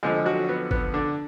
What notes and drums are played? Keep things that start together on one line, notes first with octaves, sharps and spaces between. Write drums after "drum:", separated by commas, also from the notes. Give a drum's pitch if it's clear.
F2 D3 F3 G#3 G#4
F#3 F#4
B3
B3, drum: kick G1
D3 D4